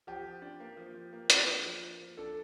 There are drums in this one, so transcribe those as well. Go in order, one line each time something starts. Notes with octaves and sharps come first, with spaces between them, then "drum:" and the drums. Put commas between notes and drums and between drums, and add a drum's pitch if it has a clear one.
F3 G4
F3
D4
A#3
F3
F3
A#3
F3, drum: hi-hat
D4
F3
A#3
F3
D4 A4